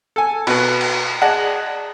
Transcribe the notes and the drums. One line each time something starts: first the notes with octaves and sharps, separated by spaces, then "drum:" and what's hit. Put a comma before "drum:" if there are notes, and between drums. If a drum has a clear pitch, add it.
A4 G#5
B2 B4, drum: cymbal
drum: cymbal
G#4 D5 D#5 F#5 A5